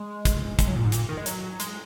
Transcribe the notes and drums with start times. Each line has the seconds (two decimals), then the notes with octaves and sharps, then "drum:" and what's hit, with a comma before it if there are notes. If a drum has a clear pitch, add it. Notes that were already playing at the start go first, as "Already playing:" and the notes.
Already playing: G#3
0.25 drum: kick, hi-hat
0.59 G#3, drum: kick, hi-hat
0.67 F#3
0.75 A#2
0.84 G#2
0.92 A#2, drum: hi-hat
1.09 D#3
1.17 G#3
1.26 F#3, drum: hi-hat
1.60 G#3, drum: hi-hat